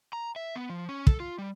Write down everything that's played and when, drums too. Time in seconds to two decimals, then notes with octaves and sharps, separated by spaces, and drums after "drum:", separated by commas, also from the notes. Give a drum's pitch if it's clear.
0.13 A#5
0.36 E5
0.56 B3
0.70 F3
0.89 C#4
1.07 A4, drum: kick
1.20 F4
1.38 G3